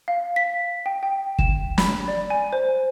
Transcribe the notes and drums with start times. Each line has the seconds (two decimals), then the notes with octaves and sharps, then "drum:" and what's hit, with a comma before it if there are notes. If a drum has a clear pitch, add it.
0.08 F5
0.36 B6
0.86 G5
1.03 G5
1.39 E7, drum: kick
1.78 B5, drum: snare
2.08 D5
2.30 G#5
2.53 C5